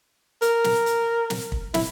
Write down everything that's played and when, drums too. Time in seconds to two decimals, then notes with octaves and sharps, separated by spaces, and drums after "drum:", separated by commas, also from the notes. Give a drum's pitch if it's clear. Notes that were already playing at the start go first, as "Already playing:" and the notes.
0.42 A#4, drum: hi-hat
0.64 drum: snare
0.86 drum: hi-hat
1.30 drum: snare
1.52 drum: kick
1.74 E4, drum: snare